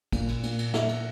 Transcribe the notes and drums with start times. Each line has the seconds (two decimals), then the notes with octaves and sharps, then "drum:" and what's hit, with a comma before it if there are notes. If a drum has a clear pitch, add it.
0.12 A#2, drum: kick, cymbal
0.28 drum: cymbal
0.43 A#2, drum: cymbal
0.59 drum: cymbal
0.74 A#2 E5, drum: snare
0.89 drum: cymbal